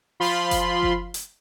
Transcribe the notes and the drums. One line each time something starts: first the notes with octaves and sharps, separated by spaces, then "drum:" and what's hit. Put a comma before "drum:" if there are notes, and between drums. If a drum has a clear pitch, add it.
F3 F4 B5 C6
drum: kick F#1, hi-hat
drum: kick F#1
drum: hi-hat